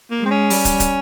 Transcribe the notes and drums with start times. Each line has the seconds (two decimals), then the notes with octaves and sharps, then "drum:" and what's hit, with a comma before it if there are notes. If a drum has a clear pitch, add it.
0.10 A#3
0.20 G#3
0.25 C4
0.31 C#4
0.50 G3, drum: open hi-hat
0.65 drum: kick, hi-hat
0.80 drum: kick, hi-hat